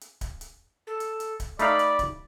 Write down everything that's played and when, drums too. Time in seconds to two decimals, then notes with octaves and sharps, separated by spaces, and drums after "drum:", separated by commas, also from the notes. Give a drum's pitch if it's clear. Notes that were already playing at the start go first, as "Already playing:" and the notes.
0.01 drum: hi-hat
0.21 drum: kick D1, hi-hat
0.41 drum: hi-hat
0.87 A4
1.00 drum: hi-hat
1.20 drum: hi-hat
1.40 drum: kick D1, hi-hat
1.59 A3 D#4 D5 F5 B5, drum: hi-hat
1.79 drum: hi-hat
1.99 drum: kick D1, hi-hat